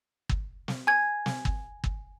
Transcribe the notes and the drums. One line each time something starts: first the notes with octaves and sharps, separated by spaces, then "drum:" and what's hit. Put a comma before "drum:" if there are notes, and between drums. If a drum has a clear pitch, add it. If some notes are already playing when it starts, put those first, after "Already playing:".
drum: kick
drum: snare
G#5 G#6
drum: snare
drum: kick
drum: kick